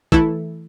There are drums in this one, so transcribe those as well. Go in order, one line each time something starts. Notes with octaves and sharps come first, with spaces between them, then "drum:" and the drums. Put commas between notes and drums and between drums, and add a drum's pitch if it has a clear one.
E3 A3 E4 A4, drum: kick